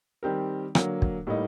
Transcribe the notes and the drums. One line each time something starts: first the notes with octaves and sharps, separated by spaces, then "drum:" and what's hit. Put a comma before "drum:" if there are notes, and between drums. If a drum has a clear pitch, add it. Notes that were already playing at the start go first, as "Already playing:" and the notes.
D#3 G3 C4 G4 A#4
D3 F#3 A#3, drum: rim click
drum: kick
A2 G3 A#3 D#4